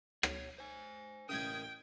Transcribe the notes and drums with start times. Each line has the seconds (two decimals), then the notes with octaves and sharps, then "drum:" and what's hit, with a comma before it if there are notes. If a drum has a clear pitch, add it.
0.23 C#5, drum: rim click
0.58 C5 G#5
1.29 A1 C#3 A#4 E5 G5 D#6 G6 G#6